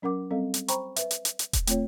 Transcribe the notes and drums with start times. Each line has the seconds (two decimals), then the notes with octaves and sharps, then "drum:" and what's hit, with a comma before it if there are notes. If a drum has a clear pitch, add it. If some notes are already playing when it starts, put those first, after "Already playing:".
0.02 F#3 C#4 A#4 F#5 D6
0.31 G3 C4 A4 D#5 F5
0.54 drum: hi-hat
0.68 C5 G5 A#5 B5 C#6, drum: hi-hat
0.96 B4 E5, drum: hi-hat
1.11 drum: hi-hat
1.25 drum: hi-hat
1.39 drum: hi-hat
1.53 drum: kick D#1, hi-hat
1.67 A3 C4 F4 C#5, drum: hi-hat